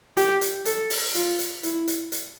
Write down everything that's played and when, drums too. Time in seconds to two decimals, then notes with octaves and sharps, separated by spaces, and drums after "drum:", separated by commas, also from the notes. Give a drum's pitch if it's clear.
0.17 G4, drum: hi-hat
0.41 drum: hi-hat
0.65 A4, drum: hi-hat
0.90 drum: open hi-hat
1.15 F4, drum: hi-hat
1.39 drum: hi-hat
1.63 E4, drum: hi-hat
1.87 drum: hi-hat
2.12 drum: hi-hat